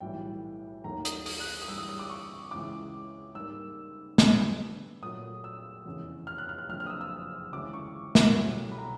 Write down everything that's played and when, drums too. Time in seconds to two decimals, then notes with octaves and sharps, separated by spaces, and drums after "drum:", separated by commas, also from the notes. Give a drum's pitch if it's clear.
0.01 B1 A2 E3 G3 G5
0.84 D#2 D#3 F#3 A3 A#5
1.05 D#6, drum: hi-hat
1.26 D#6, drum: open hi-hat
1.40 F#6
1.62 D#6
1.68 G2 E3 G3 E6
1.78 D#6
1.89 D#6
1.99 D6
2.10 C#6
2.51 C#2 C#3 E3 G#3 D6
3.35 G#2 D#3 G3 A#3 E6
4.18 G2 D3 G3 B3, drum: snare
5.02 A#2 F#3 A3 D#6
5.44 E6
5.85 F1 E2 C#3
6.27 F6
6.38 F#6
6.49 F6
6.58 F#6
6.69 F#1 F2 D3 F6
6.80 F6
6.86 D#6
6.90 E6
7.01 E6
7.53 D2 C#3 E3 G#3 D6
7.73 C#6
8.15 drum: snare
8.36 C2 B2 F#3 A3
8.72 B5
8.78 A#5